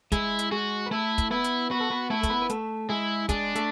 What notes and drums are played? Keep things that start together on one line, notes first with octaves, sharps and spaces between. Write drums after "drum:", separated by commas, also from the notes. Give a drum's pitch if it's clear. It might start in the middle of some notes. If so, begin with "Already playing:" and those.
G#3 E4 G#4, drum: kick, hi-hat
drum: hi-hat
G#3 F#4 G#4
B4
A3 E4 A4
drum: kick, hi-hat
B3 E4 B4
drum: hi-hat
B3 F#4 B4
A4
B3 B4
A3 E4 A4
A4, drum: kick, hi-hat
B3 B4
B4
A3 A4, drum: hi-hat
G#3 E4 G#4
G#3 D4 G#4, drum: kick, hi-hat
A3 A4, drum: hi-hat